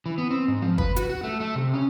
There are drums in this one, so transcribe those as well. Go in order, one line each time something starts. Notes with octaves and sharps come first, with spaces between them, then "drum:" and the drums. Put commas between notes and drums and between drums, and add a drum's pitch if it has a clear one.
E3
B3
C4
G#2
F3
B4, drum: kick
F#4, drum: hi-hat
F#4
A3
A3
C3
C#4